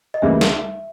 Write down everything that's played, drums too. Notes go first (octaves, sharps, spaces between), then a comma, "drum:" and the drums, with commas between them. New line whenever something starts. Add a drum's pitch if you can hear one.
D#5
D2 C#3 E3 G3 A#3 E5
drum: snare